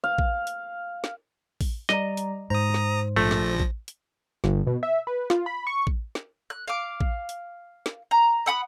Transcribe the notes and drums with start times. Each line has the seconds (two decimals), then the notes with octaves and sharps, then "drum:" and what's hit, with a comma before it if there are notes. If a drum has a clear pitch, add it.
0.04 F5
0.18 drum: kick A1
0.47 drum: hi-hat
1.04 drum: snare
1.61 drum: kick A1, open hi-hat
1.89 G3 D5 D#5 A#5, drum: snare
2.17 drum: hi-hat
2.50 G#2 C5 A#5 D#6
2.74 drum: snare
3.16 A#1 F3 A3 A#6
3.31 drum: snare
3.59 drum: kick A1
3.88 drum: hi-hat
4.44 G1, drum: snare
4.67 B2
4.83 E5
5.07 B4
5.30 F4, drum: snare
5.46 B5
5.67 C#6
5.87 drum: kick A1
6.15 drum: snare
6.50 F#6
6.67 F5 D6
7.01 drum: kick A1
7.29 drum: hi-hat
7.86 drum: snare
8.11 A#5
8.46 E5 F#5 B5 D#6